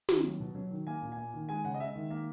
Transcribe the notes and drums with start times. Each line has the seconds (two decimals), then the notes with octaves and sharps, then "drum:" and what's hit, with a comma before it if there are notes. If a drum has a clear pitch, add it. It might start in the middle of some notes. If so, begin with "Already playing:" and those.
0.09 D#3, drum: snare
0.24 F#3
0.40 B2
0.55 F#3
0.71 D#3
0.87 A#3 G#5
1.02 A#2
1.12 G#5
1.17 A#3
1.34 D#3
1.49 G#3 G#5
1.64 C#3 F#5
1.74 D#5
1.80 G#3 E5
1.95 D#3
2.10 A#3